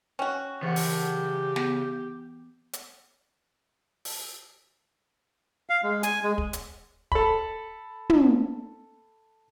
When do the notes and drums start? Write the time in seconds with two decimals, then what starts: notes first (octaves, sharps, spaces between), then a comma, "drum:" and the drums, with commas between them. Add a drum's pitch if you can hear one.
0.19 C#4 F#4 G5
0.63 C#3 E3 G4 F#5
0.76 drum: open hi-hat
1.56 B3, drum: snare
2.73 drum: hi-hat
4.05 drum: open hi-hat
5.69 F5
5.83 G#3
6.03 G#5, drum: hi-hat
6.24 G#3
6.38 drum: kick
6.53 drum: hi-hat
7.12 A4 B5, drum: kick
8.10 drum: tom